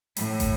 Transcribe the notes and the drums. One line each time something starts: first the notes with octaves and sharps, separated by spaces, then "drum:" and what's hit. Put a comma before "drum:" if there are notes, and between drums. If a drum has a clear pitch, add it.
A2, drum: hi-hat
drum: kick, hi-hat